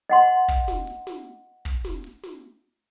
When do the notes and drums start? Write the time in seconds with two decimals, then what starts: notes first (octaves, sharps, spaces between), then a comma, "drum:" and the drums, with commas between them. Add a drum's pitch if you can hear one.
0.09 D#5 F#5 C6
0.48 drum: kick, hi-hat
0.68 drum: snare
0.87 drum: hi-hat
1.07 drum: snare
1.65 drum: kick, hi-hat
1.85 drum: snare
2.04 drum: hi-hat
2.23 drum: snare